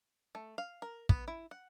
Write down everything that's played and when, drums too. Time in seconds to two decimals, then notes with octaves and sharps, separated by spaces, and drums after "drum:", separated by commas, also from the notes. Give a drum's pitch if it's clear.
0.35 A3
0.58 F5
0.82 A#4
1.09 B3, drum: kick
1.28 E4
1.51 F#5